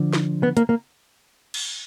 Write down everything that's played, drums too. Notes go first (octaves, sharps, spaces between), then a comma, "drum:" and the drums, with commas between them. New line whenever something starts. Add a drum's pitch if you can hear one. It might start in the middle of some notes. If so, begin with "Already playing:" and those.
Already playing: D3 F3
drum: snare
B3
A#3, drum: hi-hat
A#3
drum: cymbal